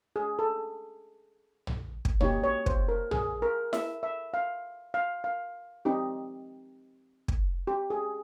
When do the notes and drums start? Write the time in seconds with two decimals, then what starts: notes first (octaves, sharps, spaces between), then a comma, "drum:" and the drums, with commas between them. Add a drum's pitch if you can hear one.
0.16 G#4
0.39 A4
1.67 drum: tom
2.05 drum: kick
2.21 A#3 D#4 G4 C#5, drum: tom
2.44 C#5
2.66 C5, drum: kick
2.89 A#4
3.11 G#4, drum: tom
3.42 A#4
3.73 E5, drum: snare E4
4.03 E5
4.34 F5
4.94 F5
5.24 F5
5.85 C4 D#4 G4
7.28 drum: kick
7.67 G4
7.90 G#4